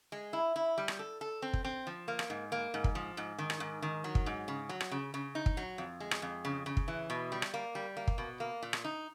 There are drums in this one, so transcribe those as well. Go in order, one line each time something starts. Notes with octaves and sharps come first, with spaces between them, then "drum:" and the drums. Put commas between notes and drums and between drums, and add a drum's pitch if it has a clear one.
G#3
E4
E4
G3
drum: rim click
A4
A4
C4
drum: kick
C4
F3
A#3
drum: rim click
G#2
A#3
G#2
drum: kick
F3
G#2
D#3
drum: rim click
G#2
D#3
F#3
drum: kick
G#2
C#3
F#3
drum: rim click
C#3
C#3
D#4
drum: kick
F#3
F2
G#3
drum: rim click
F2
C#3
C#3
drum: kick
E3
B2
G3
drum: rim click
A#3
G3
A#3
drum: kick
B2
A#3
A#2
drum: rim click
D#4